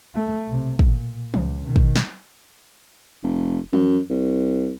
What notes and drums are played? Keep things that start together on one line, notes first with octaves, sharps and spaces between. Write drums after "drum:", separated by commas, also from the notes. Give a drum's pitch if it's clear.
A3
B1 C3
A#2, drum: kick
C#2, drum: tom E3
B2 D#3
drum: kick
drum: snare
F1
F#2, drum: tom E3
C2